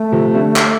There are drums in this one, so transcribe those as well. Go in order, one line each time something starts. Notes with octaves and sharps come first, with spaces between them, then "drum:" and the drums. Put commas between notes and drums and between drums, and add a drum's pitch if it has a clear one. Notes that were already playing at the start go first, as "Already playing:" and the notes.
Already playing: A3
C3 F3
D3 G3
drum: clap